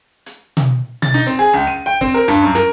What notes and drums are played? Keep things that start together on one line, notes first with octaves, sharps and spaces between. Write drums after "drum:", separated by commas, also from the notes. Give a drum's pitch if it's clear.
drum: hi-hat
drum: tom B2
A6, drum: tom B2
D#4
C4
G#4
C#2
D#7
G5
C4, drum: kick
A#4
G2, drum: snare
F#2
A#4, drum: snare